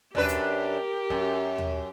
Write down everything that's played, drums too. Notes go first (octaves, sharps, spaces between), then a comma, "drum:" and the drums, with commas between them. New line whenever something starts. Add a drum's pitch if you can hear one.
F#2 D4 G4 A#4 B4, drum: tom D#2
drum: hi-hat
F#2, drum: kick
drum: tom D#2